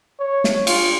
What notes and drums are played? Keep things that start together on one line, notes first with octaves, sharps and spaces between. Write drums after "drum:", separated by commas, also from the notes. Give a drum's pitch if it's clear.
C#5
drum: snare
F4, drum: cymbal